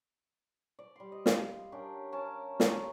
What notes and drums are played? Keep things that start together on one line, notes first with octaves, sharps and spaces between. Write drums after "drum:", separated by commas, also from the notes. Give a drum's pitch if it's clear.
D5
G3 C6
D#5
F5, drum: snare
C#4 D4 G4 A#4
C#4 A#4 A5
drum: snare